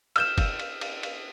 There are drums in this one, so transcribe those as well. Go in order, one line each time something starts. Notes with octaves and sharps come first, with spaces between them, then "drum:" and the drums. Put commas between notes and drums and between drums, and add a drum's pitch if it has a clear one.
E6 F6 G6 E7, drum: cymbal
drum: kick, cymbal
drum: cymbal
drum: cymbal
drum: cymbal